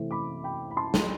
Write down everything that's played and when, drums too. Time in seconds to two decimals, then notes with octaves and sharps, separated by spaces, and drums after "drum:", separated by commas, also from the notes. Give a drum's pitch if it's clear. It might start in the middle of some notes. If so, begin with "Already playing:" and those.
Already playing: C3 E3 A3 C4
0.11 B5 D6
0.44 G5 B5
0.71 B5
0.77 A5 C6
0.94 drum: snare